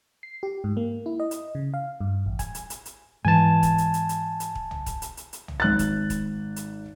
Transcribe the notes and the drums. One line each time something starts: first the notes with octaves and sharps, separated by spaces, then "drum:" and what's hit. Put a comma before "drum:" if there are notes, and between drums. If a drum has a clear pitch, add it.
C7
G4
G#2
A#3
E4
D#5
drum: hi-hat
C#3
F5
G2
A1
G#5, drum: kick, hi-hat
drum: hi-hat
drum: hi-hat
drum: hi-hat
G#2 E3 G#5 A5
drum: kick, hi-hat
drum: hi-hat
drum: hi-hat
drum: hi-hat
drum: hi-hat
drum: kick
drum: tom
drum: kick, hi-hat
drum: hi-hat
drum: hi-hat
drum: hi-hat
drum: tom
G#1 F#6 A6
drum: kick, hi-hat
drum: kick, hi-hat
drum: hi-hat